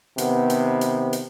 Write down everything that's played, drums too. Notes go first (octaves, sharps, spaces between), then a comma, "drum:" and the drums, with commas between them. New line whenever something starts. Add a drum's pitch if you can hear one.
C3 D#3 B3, drum: hi-hat
drum: hi-hat
drum: hi-hat
drum: hi-hat